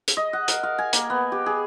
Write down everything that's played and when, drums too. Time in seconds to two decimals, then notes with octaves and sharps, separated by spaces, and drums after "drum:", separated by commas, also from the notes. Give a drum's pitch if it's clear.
0.08 drum: hi-hat
0.17 D#5
0.33 F#5
0.48 A#4, drum: hi-hat
0.63 F5
0.78 G#5
0.93 A#3, drum: hi-hat
1.10 B3
1.32 G4
1.46 G#4